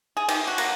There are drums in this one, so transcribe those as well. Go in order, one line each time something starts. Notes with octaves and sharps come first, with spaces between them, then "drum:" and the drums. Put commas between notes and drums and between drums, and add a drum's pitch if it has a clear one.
G#4
D#3 G4, drum: cymbal
F#4
F#3 A#3, drum: cymbal